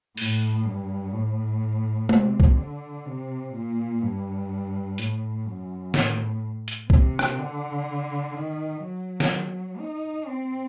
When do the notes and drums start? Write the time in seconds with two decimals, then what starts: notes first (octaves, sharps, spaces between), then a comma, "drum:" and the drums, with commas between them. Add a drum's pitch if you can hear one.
0.17 A2, drum: open hi-hat
0.65 G2
1.13 A2
2.09 C3, drum: tom G#3
2.40 drum: kick
2.58 D3
3.06 C3
3.54 A#2
4.02 G2
4.98 A2, drum: hi-hat
5.46 F#2
5.94 A2, drum: snare
6.68 drum: hi-hat
6.90 C3, drum: kick
7.19 drum: rim click
7.38 D3
8.35 D#3
8.82 F#3
9.20 drum: snare
9.79 D#4
10.26 C4